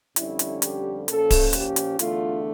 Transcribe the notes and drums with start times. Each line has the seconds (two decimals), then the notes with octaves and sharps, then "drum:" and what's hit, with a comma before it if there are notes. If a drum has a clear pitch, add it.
0.16 F2 D3 G3 C#4 E4, drum: hi-hat
0.39 drum: hi-hat
0.62 G4, drum: hi-hat
1.08 A#2 F3 C#4 A4, drum: hi-hat
1.30 drum: kick D1, open hi-hat
1.53 G4, drum: hi-hat
1.76 drum: hi-hat
1.99 E2 D3 A3 D4 F4, drum: hi-hat